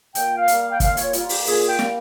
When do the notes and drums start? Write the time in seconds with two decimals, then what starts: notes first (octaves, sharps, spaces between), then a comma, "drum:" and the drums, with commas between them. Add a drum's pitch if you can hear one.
0.15 A#2 G5, drum: hi-hat
0.37 F5
0.48 G3 A#3, drum: hi-hat
0.59 F5
0.71 G5
0.80 A#2 F5, drum: kick, hi-hat
0.97 C#5, drum: hi-hat
1.13 G3 A#3 F4, drum: hi-hat
1.29 G4, drum: open hi-hat
1.46 A#2 G#4, drum: open hi-hat
1.68 G5
1.79 G3 A#3, drum: snare